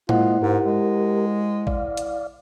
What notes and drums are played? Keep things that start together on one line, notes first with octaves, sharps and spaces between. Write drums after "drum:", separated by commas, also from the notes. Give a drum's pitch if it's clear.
G#3 A#3 E4 F4 C5 D#5 F#5, drum: tom A2
G#2 G4 A#4
G#3
D5 F5, drum: kick
drum: hi-hat